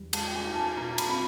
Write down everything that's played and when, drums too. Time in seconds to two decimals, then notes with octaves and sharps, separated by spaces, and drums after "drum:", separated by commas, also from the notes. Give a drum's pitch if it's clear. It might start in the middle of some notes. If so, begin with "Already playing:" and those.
Already playing: E2 G3
0.13 G#3 A5, drum: cymbal
0.26 G5
0.35 G#5
0.45 D#4
0.55 A5
0.77 B2 A#5
0.98 B5, drum: cymbal
1.08 C4 B5